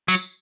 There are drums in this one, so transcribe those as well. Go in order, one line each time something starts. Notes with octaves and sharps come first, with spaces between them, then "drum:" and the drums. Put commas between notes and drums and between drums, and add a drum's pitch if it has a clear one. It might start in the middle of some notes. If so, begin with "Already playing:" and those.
F#3, drum: tambourine